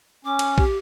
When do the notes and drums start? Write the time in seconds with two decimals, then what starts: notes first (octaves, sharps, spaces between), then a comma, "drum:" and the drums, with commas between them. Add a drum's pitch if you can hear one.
0.25 C#4 D6
0.39 drum: cymbal
0.58 G4, drum: kick A#1